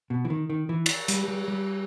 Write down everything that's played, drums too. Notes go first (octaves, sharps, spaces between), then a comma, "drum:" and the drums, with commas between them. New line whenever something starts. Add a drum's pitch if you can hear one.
B2
E3
D#3
D#3
E3
drum: cymbal
G3, drum: hi-hat
G3
G3